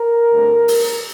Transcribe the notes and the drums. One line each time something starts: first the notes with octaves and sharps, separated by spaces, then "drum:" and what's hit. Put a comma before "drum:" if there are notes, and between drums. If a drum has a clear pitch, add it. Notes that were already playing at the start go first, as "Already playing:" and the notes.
Already playing: A#4
G2 D3 A3 C4
drum: open hi-hat